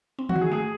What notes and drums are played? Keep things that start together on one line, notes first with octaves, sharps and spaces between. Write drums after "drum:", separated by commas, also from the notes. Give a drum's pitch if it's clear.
C4
F#4, drum: tom E3
D#3
G#4
A3 G#4